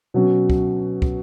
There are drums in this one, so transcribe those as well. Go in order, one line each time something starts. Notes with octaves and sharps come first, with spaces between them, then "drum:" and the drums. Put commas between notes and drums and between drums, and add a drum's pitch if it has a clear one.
B2 F#3 C#4
drum: kick
drum: kick